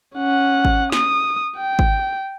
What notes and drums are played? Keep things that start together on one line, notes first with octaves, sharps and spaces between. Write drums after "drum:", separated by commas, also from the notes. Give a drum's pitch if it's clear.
C#4 F#5
drum: kick G#1
D#6, drum: snare
G5
drum: kick G#1